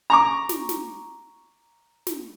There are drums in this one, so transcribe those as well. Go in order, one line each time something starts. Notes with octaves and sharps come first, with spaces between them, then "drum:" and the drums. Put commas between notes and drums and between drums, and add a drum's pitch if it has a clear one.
A#5 C#6 D6
drum: snare
drum: snare
drum: snare